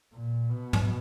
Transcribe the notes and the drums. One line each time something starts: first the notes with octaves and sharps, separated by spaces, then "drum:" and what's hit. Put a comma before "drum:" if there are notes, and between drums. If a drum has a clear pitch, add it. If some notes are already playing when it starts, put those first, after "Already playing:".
A#2
B2
drum: tom